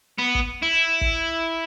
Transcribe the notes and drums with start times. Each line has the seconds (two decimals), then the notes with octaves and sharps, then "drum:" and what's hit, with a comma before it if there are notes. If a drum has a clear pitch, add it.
0.18 B3
0.35 drum: kick
0.63 E4
1.01 drum: kick